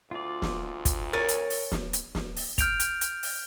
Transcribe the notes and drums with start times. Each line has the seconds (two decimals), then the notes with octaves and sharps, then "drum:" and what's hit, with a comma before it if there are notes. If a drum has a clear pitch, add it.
0.11 D2 F4 D5
0.42 drum: snare
0.85 drum: kick, hi-hat
1.13 A#4 C#5 G#5 A6
1.28 drum: hi-hat
1.50 drum: open hi-hat
1.72 drum: snare
1.93 drum: hi-hat
2.15 drum: snare
2.36 drum: open hi-hat
2.58 F6 G6 D7 F7, drum: kick, hi-hat
2.80 drum: hi-hat
3.01 drum: hi-hat
3.23 drum: open hi-hat